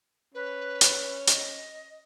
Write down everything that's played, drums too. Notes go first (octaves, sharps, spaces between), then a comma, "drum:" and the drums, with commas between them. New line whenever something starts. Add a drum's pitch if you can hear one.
C#4 B4
drum: hi-hat
D#5, drum: hi-hat